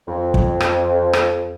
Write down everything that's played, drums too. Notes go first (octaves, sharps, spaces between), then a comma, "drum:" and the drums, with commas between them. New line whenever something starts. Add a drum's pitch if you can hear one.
F2
drum: kick
drum: rim click
drum: rim click